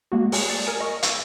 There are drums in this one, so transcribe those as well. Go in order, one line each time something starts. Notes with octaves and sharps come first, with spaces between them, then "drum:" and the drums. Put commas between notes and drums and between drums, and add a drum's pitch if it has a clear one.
G#3 A#3 F#4
G#4, drum: open hi-hat
D5
A#4 G#5
D#5 C#6
F5 E6, drum: hi-hat